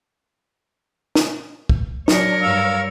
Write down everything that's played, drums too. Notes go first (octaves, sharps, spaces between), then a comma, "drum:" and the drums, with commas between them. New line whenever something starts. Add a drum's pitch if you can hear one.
drum: snare
drum: kick
F#3 D4 A#4 C#5, drum: snare
G2 F5 E6